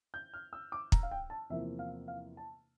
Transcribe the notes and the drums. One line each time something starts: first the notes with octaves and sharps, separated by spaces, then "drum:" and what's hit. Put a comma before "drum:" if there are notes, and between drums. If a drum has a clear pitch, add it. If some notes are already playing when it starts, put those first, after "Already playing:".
G6
F6
E6
D6
A#5, drum: kick
F5
G5
A5
E2 C3 F3 A#3 E5
F5
F5
A5